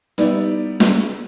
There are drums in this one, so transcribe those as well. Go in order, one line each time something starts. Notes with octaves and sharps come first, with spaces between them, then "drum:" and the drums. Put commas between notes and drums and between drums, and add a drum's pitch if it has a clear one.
G3 B3 D#4 E4 G4 D5, drum: hi-hat
drum: snare